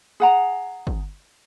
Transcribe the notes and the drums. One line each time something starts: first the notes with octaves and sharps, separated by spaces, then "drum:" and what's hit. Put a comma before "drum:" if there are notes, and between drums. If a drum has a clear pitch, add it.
G#4 F#5 A#5
drum: kick